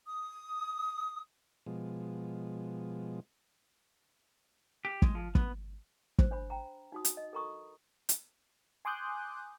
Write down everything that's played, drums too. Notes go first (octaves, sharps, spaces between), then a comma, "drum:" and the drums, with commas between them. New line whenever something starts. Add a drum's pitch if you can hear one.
D#6
B2 F3 G#3
G4
G#3, drum: kick
F3
B3, drum: kick
C5, drum: kick
D4 C5 B5
G5 A#5
D#4 F#4 D#6
drum: hi-hat
D#5
A4 A#4 A#5 B5 C#6 D#6
drum: hi-hat
G#5 C6 D6 D#6 F#6 G6